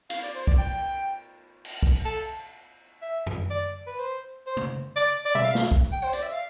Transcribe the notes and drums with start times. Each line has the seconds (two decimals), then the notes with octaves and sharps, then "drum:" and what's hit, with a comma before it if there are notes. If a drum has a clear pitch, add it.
0.10 F5, drum: cymbal
0.23 D5
0.35 C5
0.47 D5, drum: kick
0.58 G5
1.65 drum: cymbal
1.83 drum: kick
2.05 A4
3.02 E5
3.26 drum: tom F2
3.50 D5
3.87 B4
3.99 C5
4.47 C5
4.57 drum: tom
4.96 D5
5.25 D5
5.35 E5, drum: tom
5.44 F5
5.55 drum: snare
5.72 drum: kick
5.93 G5
6.04 C5
6.13 D5, drum: hi-hat
6.23 E5
6.32 F5